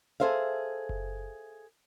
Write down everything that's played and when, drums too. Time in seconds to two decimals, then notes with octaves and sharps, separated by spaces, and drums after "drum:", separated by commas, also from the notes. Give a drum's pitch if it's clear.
0.20 G#4 A4 C5 E5 F5
0.89 drum: kick F#1